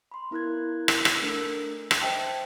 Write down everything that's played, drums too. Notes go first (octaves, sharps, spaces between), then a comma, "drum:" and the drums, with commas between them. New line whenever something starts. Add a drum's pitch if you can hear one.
B5 C6
B3 E4 A#4 F#6 G#6
drum: rim click
drum: rim click
A3 D4 A4 A#4 E6
drum: rim click
C5 D#5 E5 G5 A5